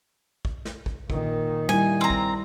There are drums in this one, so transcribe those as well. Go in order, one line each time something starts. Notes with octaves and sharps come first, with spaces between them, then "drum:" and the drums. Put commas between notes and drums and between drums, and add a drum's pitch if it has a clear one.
drum: kick
drum: snare
drum: kick
A#2 D#3, drum: kick
G3 E4 G#5
C4 A#5
drum: kick